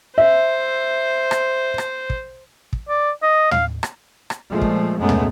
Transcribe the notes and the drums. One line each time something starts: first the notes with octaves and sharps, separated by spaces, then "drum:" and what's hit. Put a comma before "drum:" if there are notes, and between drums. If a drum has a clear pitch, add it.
C5 E5
drum: rim click
drum: rim click
drum: kick
drum: kick
D5
D#5
F5, drum: tom
drum: rim click
drum: rim click
A#2 F3 G#3 A3
drum: kick
F#2 B2 G#3 A3 B3
drum: tom